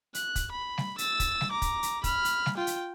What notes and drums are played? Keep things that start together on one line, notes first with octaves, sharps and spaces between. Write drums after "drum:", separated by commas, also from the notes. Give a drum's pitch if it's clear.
F#6, drum: hi-hat
drum: kick, hi-hat
B5
drum: snare G3
E6 A6, drum: hi-hat
drum: kick, hi-hat
drum: snare G3
A#5 D6
drum: kick, hi-hat
drum: hi-hat
B5 F6, drum: kick, hi-hat
drum: hi-hat
drum: snare G3
F4 G5
drum: hi-hat